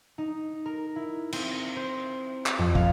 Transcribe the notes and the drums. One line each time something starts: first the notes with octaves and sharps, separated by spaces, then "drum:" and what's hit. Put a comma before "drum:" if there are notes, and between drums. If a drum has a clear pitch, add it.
D#4
A#4
E4
C4, drum: cymbal
A#6
C5
drum: clap
F2
F5, drum: kick